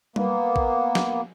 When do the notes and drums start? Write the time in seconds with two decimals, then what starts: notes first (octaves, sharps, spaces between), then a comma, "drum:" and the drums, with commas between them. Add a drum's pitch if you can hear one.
0.16 A#3 B3, drum: tom G3
0.56 drum: kick A1
0.95 drum: snare